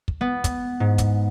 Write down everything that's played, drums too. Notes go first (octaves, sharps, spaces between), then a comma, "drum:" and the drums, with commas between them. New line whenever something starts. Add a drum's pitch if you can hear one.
drum: kick
B3
drum: kick, hi-hat
G#2
drum: kick, hi-hat